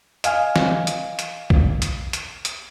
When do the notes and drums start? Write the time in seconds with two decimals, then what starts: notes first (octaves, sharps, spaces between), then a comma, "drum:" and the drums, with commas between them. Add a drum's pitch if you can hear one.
0.24 D#5 F5 G#5 F6, drum: hi-hat
0.56 drum: snare
0.87 drum: hi-hat
1.19 drum: hi-hat
1.50 drum: kick B1
1.82 drum: hi-hat
2.13 drum: hi-hat
2.45 drum: hi-hat